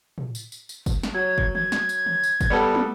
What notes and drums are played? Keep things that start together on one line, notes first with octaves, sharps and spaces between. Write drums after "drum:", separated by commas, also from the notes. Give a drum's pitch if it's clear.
drum: tom
drum: tambourine
drum: tambourine
drum: tambourine
drum: kick F#1, tambourine
drum: snare
F#3 G#6
drum: kick F#1
G#6, drum: tom
drum: snare
drum: tambourine
drum: tom
drum: tambourine
drum: kick F#1, tambourine
G3 B3 A4
drum: tom